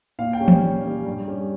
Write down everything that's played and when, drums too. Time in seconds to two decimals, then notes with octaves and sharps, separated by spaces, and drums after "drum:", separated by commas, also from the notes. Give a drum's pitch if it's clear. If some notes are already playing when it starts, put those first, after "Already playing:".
0.19 A#2 F5
0.33 G5
0.40 G3 C#4
0.48 G5, drum: tom E3
0.62 A#2
0.85 G3 C#4
1.06 G2
1.28 G3 C#4